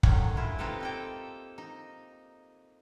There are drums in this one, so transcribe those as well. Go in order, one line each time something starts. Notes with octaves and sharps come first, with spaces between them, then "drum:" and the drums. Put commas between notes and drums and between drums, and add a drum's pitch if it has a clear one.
D3 D#3 F#3 C#4, drum: kick
G#3 E4 F4
C4 D#4 F4 G4 A4 B4
A#3 A4 G5
D#4